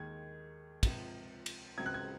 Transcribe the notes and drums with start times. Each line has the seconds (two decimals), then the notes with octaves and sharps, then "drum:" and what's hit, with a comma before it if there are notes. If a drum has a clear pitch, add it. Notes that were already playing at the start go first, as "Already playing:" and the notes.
Already playing: D#2 D#3 G#3 G#6
0.83 C#2 C3 F3, drum: kick, cymbal
1.46 drum: cymbal
1.78 C#2 C#3 F#3 C4 G#6
1.86 F#6
1.94 G#6